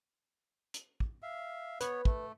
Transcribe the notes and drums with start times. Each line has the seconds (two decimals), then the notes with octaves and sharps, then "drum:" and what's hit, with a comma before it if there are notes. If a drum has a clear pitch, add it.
0.74 drum: hi-hat
1.00 drum: kick
1.23 E5 F5
1.81 B3 B4 C#5, drum: hi-hat
2.05 A3, drum: kick